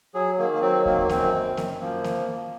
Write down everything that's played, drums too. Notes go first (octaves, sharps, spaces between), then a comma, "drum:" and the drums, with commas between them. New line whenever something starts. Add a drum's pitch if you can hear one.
F#3 G#4
D#3 A#3
A#3
F#3 C4
D#3 A#3, drum: kick D2
F#2 C4, drum: snare A#3
D#3
F#2, drum: snare A#3
F3 A#3
drum: snare A#3